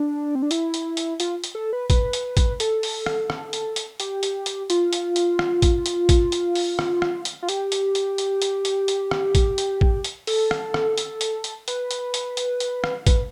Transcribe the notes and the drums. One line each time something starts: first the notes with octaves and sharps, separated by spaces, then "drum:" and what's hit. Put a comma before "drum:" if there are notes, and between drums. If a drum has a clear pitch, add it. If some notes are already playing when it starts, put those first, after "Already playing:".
Already playing: D4
C4
D4
E4, drum: hi-hat
drum: hi-hat
drum: hi-hat
F4, drum: hi-hat
drum: hi-hat
A4
B4
B4, drum: kick, hi-hat
drum: hi-hat
drum: kick, hi-hat
A4, drum: hi-hat
drum: open hi-hat
drum: rim click
drum: rim click
drum: hi-hat
drum: hi-hat
G4, drum: hi-hat
drum: hi-hat
drum: hi-hat
F4, drum: hi-hat
drum: hi-hat
drum: hi-hat
drum: rim click
drum: kick, hi-hat
drum: hi-hat
drum: kick, hi-hat
drum: hi-hat
drum: open hi-hat
drum: rim click
drum: rim click
drum: hi-hat
F4
G4, drum: hi-hat
drum: hi-hat
drum: hi-hat
drum: hi-hat
drum: hi-hat
drum: hi-hat
drum: hi-hat
drum: rim click
drum: kick, hi-hat
drum: hi-hat
drum: kick
drum: hi-hat
A4, drum: open hi-hat
drum: rim click
drum: rim click
drum: hi-hat
drum: hi-hat
drum: hi-hat
B4, drum: hi-hat
drum: hi-hat
drum: hi-hat
drum: hi-hat
drum: hi-hat
drum: rim click
B4, drum: kick, hi-hat